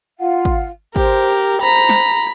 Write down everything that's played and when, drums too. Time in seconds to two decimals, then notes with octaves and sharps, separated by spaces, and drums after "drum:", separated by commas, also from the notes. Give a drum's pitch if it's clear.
0.19 F4 F5 F#5
0.45 drum: kick
0.96 G4 A#4 C5, drum: kick
1.62 C5 A#5 B5 B6
1.89 drum: snare